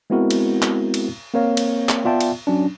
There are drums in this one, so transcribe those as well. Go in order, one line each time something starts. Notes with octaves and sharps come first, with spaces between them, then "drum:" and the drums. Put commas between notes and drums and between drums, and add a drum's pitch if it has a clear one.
G#3 B3 C4 E4 F#4 A#4
drum: cymbal
drum: clap
drum: cymbal
A#3 C4 A#4 C#5 F5
drum: cymbal
drum: clap
B3 F4 D5 E5 G5 A5
drum: cymbal
F#3 C#4 D4